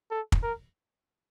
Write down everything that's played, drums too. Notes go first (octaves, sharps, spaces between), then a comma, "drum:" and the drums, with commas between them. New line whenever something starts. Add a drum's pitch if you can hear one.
A4
drum: kick
A#4